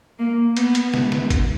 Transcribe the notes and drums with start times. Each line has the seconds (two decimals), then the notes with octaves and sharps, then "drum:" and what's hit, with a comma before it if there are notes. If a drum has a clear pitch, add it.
0.19 A#3
0.57 B3, drum: hi-hat
0.75 drum: hi-hat
0.94 B3, drum: snare
1.12 drum: snare
1.30 drum: kick, hi-hat